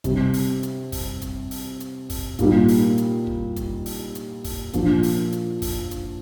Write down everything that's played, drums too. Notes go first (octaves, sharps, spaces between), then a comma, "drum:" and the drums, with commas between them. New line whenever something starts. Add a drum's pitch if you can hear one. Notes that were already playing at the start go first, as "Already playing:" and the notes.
C3 G3 C4, drum: kick, hi-hat
drum: open hi-hat
drum: hi-hat
drum: kick, open hi-hat
drum: kick, hi-hat
drum: open hi-hat
drum: hi-hat
drum: kick, open hi-hat
A#2 G3 A#3 D#4, drum: kick, hi-hat
drum: open hi-hat
drum: hi-hat
drum: kick
drum: kick, hi-hat
drum: open hi-hat
drum: hi-hat
drum: kick, open hi-hat
A#2 F3 A#3 D4, drum: kick, hi-hat
drum: open hi-hat
drum: hi-hat
drum: kick, open hi-hat
drum: kick, hi-hat